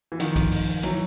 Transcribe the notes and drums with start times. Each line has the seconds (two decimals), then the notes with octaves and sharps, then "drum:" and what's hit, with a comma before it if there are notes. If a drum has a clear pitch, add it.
0.12 E3
0.20 D#3 F3, drum: hi-hat
0.36 drum: kick A#1, hi-hat
0.52 drum: open hi-hat
0.83 E3 F#3, drum: hi-hat